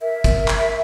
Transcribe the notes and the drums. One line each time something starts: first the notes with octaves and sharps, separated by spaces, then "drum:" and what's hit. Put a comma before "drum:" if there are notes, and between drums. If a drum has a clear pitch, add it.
A#4 E5
drum: kick, hi-hat
drum: clap